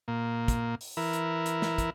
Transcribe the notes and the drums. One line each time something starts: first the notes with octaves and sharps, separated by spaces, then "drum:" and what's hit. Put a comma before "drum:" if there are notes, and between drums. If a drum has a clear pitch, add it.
A#2 A#3
drum: kick, hi-hat
drum: open hi-hat
E3 E4 A#4
drum: hi-hat
drum: hi-hat
drum: snare
drum: kick, hi-hat